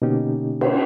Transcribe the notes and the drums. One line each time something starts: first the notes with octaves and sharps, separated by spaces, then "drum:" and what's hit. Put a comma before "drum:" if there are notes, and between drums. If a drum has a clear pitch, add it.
B2 D3 A#3 C#4 D#4 G4
drum: cymbal